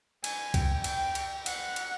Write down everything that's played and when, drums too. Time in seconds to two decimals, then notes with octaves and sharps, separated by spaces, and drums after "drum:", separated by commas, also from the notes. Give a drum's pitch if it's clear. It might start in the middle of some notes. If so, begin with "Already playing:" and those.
0.24 G#5, drum: cymbal
0.54 G5, drum: kick C#2, cymbal
0.84 G5, drum: cymbal
1.15 drum: cymbal
1.46 F#5, drum: cymbal
1.76 drum: cymbal